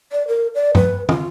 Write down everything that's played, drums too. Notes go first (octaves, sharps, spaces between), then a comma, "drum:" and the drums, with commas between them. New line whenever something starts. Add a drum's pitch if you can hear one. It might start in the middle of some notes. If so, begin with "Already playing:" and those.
D5
A#4
D5
B4, drum: tom G2
F4, drum: tom